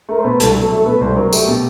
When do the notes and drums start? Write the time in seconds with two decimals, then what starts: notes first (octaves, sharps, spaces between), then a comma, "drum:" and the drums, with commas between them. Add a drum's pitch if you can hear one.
0.09 A3 A#4
0.19 C5
0.24 B2 B4
0.40 C2 A4, drum: hi-hat
0.55 F#3 A4
0.70 A3 A4
0.86 B2 B4
1.01 C2 C5
1.16 F#3 A#4
1.33 A3 G4, drum: tambourine
1.48 B2